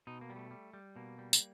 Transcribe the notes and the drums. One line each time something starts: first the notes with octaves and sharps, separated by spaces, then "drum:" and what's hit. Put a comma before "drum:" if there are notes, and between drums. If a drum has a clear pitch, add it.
B2 D#4
A#3
G3
A3
G3
G3
B2 A#3
G3
drum: tambourine